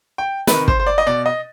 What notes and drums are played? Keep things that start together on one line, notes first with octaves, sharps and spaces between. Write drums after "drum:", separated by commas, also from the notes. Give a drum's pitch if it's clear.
G5
C3 D#3 B4, drum: snare
C5, drum: kick
C5
D5
D#5
B2 D5
D#5